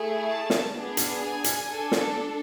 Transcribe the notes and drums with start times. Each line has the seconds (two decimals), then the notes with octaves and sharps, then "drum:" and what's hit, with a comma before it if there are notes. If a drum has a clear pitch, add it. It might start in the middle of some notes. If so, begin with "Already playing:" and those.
Already playing: A3 E4 G#4
0.27 A5
0.50 drum: snare
0.73 B3 D4 G#4
0.97 drum: hi-hat
1.21 G#5
1.44 drum: hi-hat
1.68 D4 A4
1.92 drum: snare